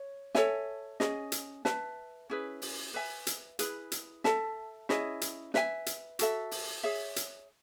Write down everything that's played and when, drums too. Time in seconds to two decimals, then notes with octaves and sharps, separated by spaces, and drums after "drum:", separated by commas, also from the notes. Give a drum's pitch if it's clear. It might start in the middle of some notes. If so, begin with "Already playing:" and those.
Already playing: C#5
0.35 A4 C#5 E5 G#5, drum: snare
1.00 C#4 G#4 D#5, drum: snare
1.32 drum: hi-hat
1.65 B4 E5 A5, drum: snare
2.30 C#4 E4 G#4 B4
2.62 drum: open hi-hat
2.94 B4 E5 G#5
3.27 drum: hi-hat
3.59 E4 G#4 B4, drum: hi-hat
3.92 drum: hi-hat
4.24 A4 E5 A5, drum: snare
4.89 C#4 E4 G#4 D#5, drum: snare
5.21 drum: hi-hat
5.54 B4 E5 G#5, drum: snare
5.86 drum: hi-hat
6.19 F#4 A4 E5, drum: hi-hat
6.51 drum: open hi-hat
6.83 G#4 C#5 E5
7.16 drum: hi-hat